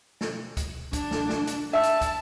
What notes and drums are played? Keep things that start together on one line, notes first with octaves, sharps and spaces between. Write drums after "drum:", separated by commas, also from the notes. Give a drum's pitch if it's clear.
drum: snare
drum: kick, hi-hat
D4, drum: kick, hi-hat
drum: snare
drum: snare
drum: hi-hat
E5 A5 E6
drum: hi-hat
drum: kick, hi-hat